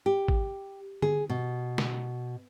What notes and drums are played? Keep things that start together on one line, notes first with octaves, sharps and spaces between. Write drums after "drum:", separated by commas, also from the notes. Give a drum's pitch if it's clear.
G4
drum: kick G#1
G#4, drum: tom D3
B2
drum: snare